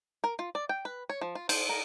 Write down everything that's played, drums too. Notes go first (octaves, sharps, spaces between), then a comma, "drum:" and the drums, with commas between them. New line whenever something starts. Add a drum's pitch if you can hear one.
A#4
F4
D5
G5
B4
C#5
F3
F4
C5, drum: cymbal
A#4